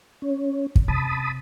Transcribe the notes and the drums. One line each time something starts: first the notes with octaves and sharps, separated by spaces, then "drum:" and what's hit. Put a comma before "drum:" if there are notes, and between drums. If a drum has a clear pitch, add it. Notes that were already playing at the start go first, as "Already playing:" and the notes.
C#4
drum: kick
C3 A5 B5 D#6